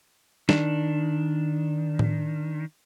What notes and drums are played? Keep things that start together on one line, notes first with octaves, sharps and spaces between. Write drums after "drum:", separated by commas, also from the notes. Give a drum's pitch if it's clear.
D#3 D4, drum: snare
drum: tom A2